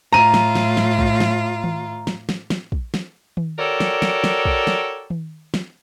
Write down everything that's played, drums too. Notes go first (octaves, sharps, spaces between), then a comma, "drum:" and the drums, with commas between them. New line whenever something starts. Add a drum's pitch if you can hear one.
A2 F4 A#5 D#7
drum: snare
drum: snare
drum: snare
drum: kick
drum: snare
drum: tom D#3
drum: snare
drum: snare
drum: snare
drum: kick
drum: snare
drum: tom D#3
F#4 G4 A4 A#4 C#5 D5
drum: snare
drum: snare
drum: snare
drum: kick
drum: snare
drum: tom D#3
drum: snare